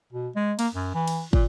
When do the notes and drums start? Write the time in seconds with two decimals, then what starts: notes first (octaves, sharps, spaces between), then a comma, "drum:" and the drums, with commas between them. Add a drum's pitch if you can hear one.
0.13 B2
0.36 G#3
0.59 A#3, drum: cymbal
0.74 F#2
0.95 E3
1.08 drum: cymbal
1.33 A#2, drum: kick